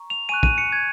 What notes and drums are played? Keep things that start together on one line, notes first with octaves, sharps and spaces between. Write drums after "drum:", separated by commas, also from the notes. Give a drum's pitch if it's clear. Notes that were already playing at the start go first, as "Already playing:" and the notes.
Already playing: A#5 C#6
F7
G#5 C#6 F#6 D#7
D#7, drum: kick
C#7
G#6